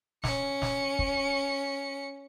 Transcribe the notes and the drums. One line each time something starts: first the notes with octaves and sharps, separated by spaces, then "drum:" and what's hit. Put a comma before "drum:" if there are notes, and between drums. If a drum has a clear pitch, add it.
C#4 C#7, drum: snare
drum: snare
drum: kick